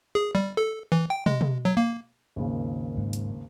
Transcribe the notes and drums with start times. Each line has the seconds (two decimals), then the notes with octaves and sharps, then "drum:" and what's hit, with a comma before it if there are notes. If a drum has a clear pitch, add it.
0.15 G#4
0.35 G3
0.57 A4
0.92 E3
1.10 G5
1.26 G#3, drum: tom
1.41 drum: tom
1.65 F#3
1.77 A#3
2.36 G#1 D#2 C#3
2.97 G#2
3.13 drum: hi-hat